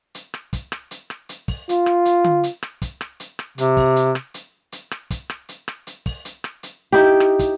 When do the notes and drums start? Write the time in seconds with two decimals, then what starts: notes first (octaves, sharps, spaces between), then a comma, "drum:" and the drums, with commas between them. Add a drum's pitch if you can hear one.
0.15 drum: hi-hat
0.34 drum: rim click
0.53 drum: kick, hi-hat
0.72 drum: rim click
0.91 drum: hi-hat
1.10 drum: rim click
1.29 drum: hi-hat
1.48 drum: kick, open hi-hat
1.69 F4, drum: hi-hat
1.86 drum: rim click
2.05 drum: hi-hat
2.24 drum: tom D3
2.43 drum: hi-hat
2.63 drum: rim click
2.82 drum: kick, hi-hat
3.01 drum: rim click
3.20 drum: hi-hat
3.39 drum: rim click
3.58 C3, drum: hi-hat
3.77 drum: kick, open hi-hat
3.96 drum: hi-hat
4.15 drum: rim click
4.34 drum: hi-hat
4.72 drum: hi-hat
4.91 drum: rim click
5.10 drum: kick, hi-hat
5.30 drum: rim click
5.49 drum: hi-hat
5.68 drum: rim click
5.87 drum: hi-hat
6.06 drum: kick, open hi-hat
6.25 drum: hi-hat
6.44 drum: rim click
6.63 drum: hi-hat
6.92 D#4 E4 G4
7.20 drum: rim click
7.39 drum: kick, hi-hat